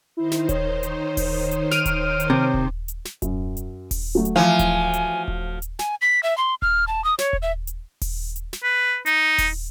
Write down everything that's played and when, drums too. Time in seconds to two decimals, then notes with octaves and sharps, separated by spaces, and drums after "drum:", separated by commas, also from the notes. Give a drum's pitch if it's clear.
0.17 D#3 D#4 E4 C5
0.32 drum: snare
0.49 C#5, drum: kick D#1, hi-hat
0.83 drum: hi-hat
1.17 drum: kick D#1, open hi-hat
1.51 drum: hi-hat
1.71 F6 D7 D#7, drum: snare
1.86 drum: kick D#1, hi-hat
2.20 drum: hi-hat
2.30 C3
2.54 drum: kick D#1
2.88 drum: hi-hat
3.05 drum: snare
3.22 F#2, drum: kick D#1, hi-hat
3.57 drum: hi-hat
3.91 drum: kick D#1, open hi-hat
4.15 F#3 A3
4.25 drum: hi-hat
4.36 E3 F3 F5 G#5
4.59 drum: kick D#1, hi-hat
4.93 drum: hi-hat
5.28 drum: kick D#1
5.62 drum: hi-hat
5.79 G#5, drum: snare
6.02 B6
6.23 E5
6.38 C6
6.62 F6, drum: kick D#1
6.88 A5
7.04 D#6
7.19 C#5, drum: snare
7.33 drum: kick D#1
7.42 E5
7.67 drum: hi-hat
8.01 drum: kick D#1, open hi-hat
8.36 drum: hi-hat
8.53 drum: snare
8.63 B4
9.06 D#4, drum: hi-hat
9.38 drum: kick D#1, open hi-hat